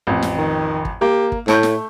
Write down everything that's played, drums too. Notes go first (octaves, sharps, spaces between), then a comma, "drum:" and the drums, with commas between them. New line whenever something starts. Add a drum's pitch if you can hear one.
A1 F2
drum: snare
D#3
drum: kick
A#3 G4
drum: kick
A2 A3 G6, drum: snare
drum: snare